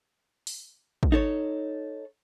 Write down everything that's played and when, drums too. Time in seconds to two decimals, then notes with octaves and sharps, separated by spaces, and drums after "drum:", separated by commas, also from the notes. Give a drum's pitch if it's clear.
0.47 drum: open hi-hat
1.03 drum: kick
1.12 D#4 A4 C#5